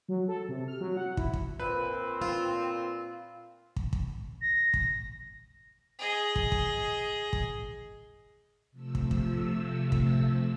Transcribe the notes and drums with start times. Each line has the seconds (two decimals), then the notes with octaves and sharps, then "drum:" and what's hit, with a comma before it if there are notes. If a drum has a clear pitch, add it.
0.09 F#3
0.28 A4
0.49 C3
0.68 F6
0.81 F#3
0.97 F#5
1.17 E4, drum: kick
1.33 drum: kick
1.60 A#2 C4 B4
2.22 F4
3.76 drum: kick
3.93 drum: kick
4.42 A#6
4.74 drum: kick
5.99 G#4 D#5
6.36 drum: kick
6.52 drum: kick
7.33 drum: kick
8.71 C3 F3 A3 E6
8.95 drum: kick
9.11 drum: kick
9.92 drum: kick